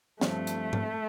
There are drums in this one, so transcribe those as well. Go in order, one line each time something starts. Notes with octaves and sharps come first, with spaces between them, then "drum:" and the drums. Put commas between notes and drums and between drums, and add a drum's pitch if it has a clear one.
G2 F3 A3 C4, drum: snare
drum: hi-hat
drum: tom G#2